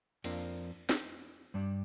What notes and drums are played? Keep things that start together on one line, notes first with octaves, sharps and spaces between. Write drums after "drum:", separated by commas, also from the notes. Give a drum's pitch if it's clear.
F2 F3 A#3 D4, drum: cymbal
drum: snare
G2 G3 D4